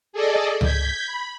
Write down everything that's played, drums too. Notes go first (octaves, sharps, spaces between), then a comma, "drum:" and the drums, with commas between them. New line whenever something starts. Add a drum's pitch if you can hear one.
G#4 A4 D5 D#5
G6 G#6 B6, drum: tom C#2
B5